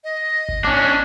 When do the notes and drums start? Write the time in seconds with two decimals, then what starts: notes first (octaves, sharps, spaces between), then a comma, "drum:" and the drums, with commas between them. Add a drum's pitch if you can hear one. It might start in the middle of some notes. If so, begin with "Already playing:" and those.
0.04 D#5
0.49 drum: kick G#1
0.64 C#4 D4